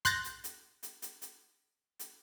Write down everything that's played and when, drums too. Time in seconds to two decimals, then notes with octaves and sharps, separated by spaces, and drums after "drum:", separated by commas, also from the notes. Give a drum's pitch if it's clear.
0.05 C6 F#6 G6 A6 A#6, drum: kick, hi-hat
0.24 drum: hi-hat
0.44 drum: hi-hat
0.83 drum: hi-hat
1.02 drum: hi-hat
1.22 drum: hi-hat
1.99 drum: hi-hat